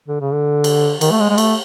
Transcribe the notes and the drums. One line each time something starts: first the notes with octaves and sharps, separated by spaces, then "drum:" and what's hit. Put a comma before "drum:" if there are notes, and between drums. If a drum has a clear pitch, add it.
D3
C#3
D3
drum: cymbal
D#3, drum: cymbal
A3
G#3
G#3
A3, drum: cymbal